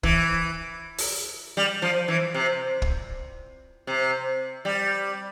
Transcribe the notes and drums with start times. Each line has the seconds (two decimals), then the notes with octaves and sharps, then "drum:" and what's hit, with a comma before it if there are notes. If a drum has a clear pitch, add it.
0.03 E3, drum: kick
0.99 drum: open hi-hat
1.57 G3
1.82 F3
2.08 E3
2.34 C3
2.82 drum: kick
3.87 C3
4.65 G3